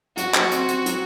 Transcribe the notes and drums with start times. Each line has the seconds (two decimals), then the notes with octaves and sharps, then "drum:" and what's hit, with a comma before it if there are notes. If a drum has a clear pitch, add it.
0.17 F#3 F#4, drum: hi-hat
0.34 drum: clap
0.51 C4, drum: hi-hat
0.68 drum: hi-hat
0.86 F#3, drum: hi-hat